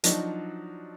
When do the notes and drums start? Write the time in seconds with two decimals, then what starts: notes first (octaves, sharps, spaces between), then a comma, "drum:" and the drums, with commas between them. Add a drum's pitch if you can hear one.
0.04 F3 F#3 D4 D#4 F#4, drum: hi-hat